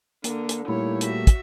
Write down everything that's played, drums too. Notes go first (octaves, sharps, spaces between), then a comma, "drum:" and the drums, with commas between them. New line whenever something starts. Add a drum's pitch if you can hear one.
D3 A#3, drum: hi-hat
drum: hi-hat
A#2 G3 A3 A#3 D#4 E4 C#5
F#4 E5, drum: hi-hat
drum: kick, hi-hat